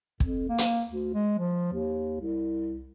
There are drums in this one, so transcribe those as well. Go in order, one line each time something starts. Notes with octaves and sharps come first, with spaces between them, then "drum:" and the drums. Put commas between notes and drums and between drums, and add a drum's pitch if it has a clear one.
F2, drum: kick
A#3
drum: hi-hat
D2
G#3
F3
D#2
C2